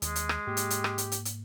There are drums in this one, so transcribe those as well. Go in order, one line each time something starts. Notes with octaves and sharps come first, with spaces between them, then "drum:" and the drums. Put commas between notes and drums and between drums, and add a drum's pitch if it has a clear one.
D#2 G#3, drum: hi-hat
drum: hi-hat
drum: rim click
G#2 A#3 G4
drum: hi-hat
drum: hi-hat
drum: rim click
drum: hi-hat
drum: hi-hat
drum: hi-hat